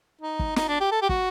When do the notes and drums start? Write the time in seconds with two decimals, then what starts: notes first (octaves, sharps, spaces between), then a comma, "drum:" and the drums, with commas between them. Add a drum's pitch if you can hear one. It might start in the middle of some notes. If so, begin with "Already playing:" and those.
0.21 D#4
0.39 drum: kick
0.56 D#4, drum: snare
0.68 D4
0.80 G4
0.91 A4
1.02 G4
1.09 F#4, drum: kick